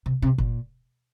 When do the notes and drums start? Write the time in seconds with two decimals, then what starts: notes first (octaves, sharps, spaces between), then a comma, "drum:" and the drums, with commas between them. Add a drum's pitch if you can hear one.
0.06 C3
0.22 C3
0.38 A#2, drum: kick F#1